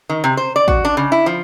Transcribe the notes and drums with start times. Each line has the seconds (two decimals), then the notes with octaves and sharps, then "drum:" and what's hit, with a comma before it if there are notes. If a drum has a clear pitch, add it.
0.09 D#3
0.24 C3
0.37 C5
0.56 D5
0.68 F#4, drum: kick A1
0.85 D4
0.97 C#3
1.12 E4
1.26 F3